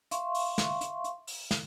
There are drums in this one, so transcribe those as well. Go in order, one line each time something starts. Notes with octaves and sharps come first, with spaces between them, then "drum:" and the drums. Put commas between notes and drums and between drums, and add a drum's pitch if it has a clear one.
E5 F5 C6 C#6, drum: hi-hat
drum: open hi-hat
drum: snare
drum: hi-hat
drum: hi-hat
drum: open hi-hat
drum: snare